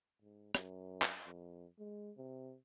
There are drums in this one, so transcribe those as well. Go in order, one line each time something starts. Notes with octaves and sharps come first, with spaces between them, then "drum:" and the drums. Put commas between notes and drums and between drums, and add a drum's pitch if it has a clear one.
G#2
F#2, drum: rim click
drum: clap
F2
G#3
C3